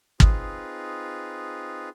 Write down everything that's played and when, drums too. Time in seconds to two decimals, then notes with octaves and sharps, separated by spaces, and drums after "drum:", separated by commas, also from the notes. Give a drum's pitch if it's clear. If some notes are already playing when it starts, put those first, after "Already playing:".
0.20 C4 D#4 F4 G#4 B4, drum: kick